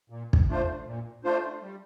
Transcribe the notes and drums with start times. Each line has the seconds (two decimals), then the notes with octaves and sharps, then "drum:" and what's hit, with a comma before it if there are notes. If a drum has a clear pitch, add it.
0.10 A#2
0.33 drum: kick
0.49 A3 D4 F4 C5
0.86 A#2
1.24 A3 D4 F4 C5
1.62 G3